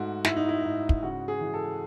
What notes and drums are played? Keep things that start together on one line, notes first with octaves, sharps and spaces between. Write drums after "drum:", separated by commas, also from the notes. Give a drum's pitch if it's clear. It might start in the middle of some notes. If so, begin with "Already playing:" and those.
Already playing: G#2 A3 F#4
G#2 E4, drum: snare
D#4
E4
G#2
drum: kick
C#3 F#4
G#4
E3
A4